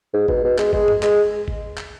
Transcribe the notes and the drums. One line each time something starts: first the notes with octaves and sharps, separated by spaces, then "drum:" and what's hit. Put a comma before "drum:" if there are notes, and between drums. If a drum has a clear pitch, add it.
G#2
B2, drum: kick
B2
G#3, drum: clap
G#3, drum: kick
drum: tom G2
G#3, drum: clap
drum: kick
drum: clap